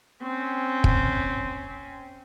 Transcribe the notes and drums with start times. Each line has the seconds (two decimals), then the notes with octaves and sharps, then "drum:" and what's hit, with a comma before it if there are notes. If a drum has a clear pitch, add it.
0.23 C4 C#4
0.84 drum: kick